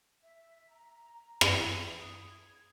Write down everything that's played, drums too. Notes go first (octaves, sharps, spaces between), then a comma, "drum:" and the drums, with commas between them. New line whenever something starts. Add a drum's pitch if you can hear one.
E5
A#5
E5, drum: rim click
G5
D#6
G#6